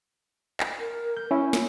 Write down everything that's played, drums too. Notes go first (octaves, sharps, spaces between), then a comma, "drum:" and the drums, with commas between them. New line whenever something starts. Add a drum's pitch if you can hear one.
drum: clap
A#4
G6
C#4 E4
F4, drum: snare